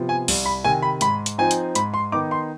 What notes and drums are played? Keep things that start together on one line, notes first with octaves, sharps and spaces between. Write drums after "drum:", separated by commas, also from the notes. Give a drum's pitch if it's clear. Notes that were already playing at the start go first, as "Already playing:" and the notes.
Already playing: C3 F3 B3
G#5
C2, drum: open hi-hat
B5
C3 D#3 G#5
B5
G#2 B5, drum: hi-hat
drum: hi-hat
F3 C4 D#4 G#5
drum: hi-hat
G#2 B5, drum: hi-hat
C6
D#3 B3 D#4 D6
C6